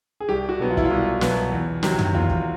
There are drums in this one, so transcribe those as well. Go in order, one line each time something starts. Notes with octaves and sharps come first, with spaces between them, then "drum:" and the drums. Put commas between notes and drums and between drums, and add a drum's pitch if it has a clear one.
G#4
C2 G4
F#4
B2 F#3 B3
F4
E4, drum: kick
F4
C2
B2 F#3 B3, drum: snare
E2
C3 D#3 F#3, drum: snare
drum: tom
E2 F4
drum: kick